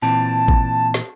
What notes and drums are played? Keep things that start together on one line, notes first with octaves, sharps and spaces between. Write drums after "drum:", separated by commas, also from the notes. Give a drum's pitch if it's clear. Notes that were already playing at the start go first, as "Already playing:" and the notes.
A#2 E3 C4 A5
drum: kick A1
drum: snare